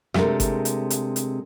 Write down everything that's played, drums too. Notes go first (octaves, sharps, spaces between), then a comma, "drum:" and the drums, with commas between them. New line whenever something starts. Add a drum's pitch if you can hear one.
C3 G#3 A3 D4 A#4, drum: rim click
drum: kick G1, hi-hat
drum: hi-hat
drum: hi-hat
drum: hi-hat